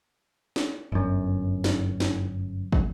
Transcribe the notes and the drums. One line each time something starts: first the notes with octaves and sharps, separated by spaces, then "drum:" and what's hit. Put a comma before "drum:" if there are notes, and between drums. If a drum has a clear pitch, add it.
drum: snare
G1 F#2
drum: snare
drum: snare
drum: kick